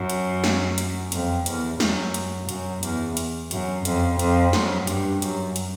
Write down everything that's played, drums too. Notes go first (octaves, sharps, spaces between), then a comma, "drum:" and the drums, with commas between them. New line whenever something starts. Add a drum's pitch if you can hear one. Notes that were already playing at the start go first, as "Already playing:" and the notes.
Already playing: F#2
drum: hi-hat
drum: snare
drum: hi-hat
F2, drum: hi-hat
E2, drum: hi-hat
F#2, drum: snare
drum: hi-hat
F#2, drum: hi-hat
E2, drum: hi-hat
drum: hi-hat
F#2, drum: hi-hat
F2, drum: hi-hat
F2, drum: hi-hat
F#2, drum: snare
G2, drum: hi-hat
F#2, drum: hi-hat
drum: hi-hat